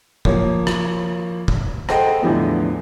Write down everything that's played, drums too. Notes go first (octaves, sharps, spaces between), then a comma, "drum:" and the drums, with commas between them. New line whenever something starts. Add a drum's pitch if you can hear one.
F3 A#3 C#5, drum: kick
drum: rim click
drum: kick
G#4 A4 C5 D#5 F#5 G5, drum: rim click
E2 A2 D3 F3 B3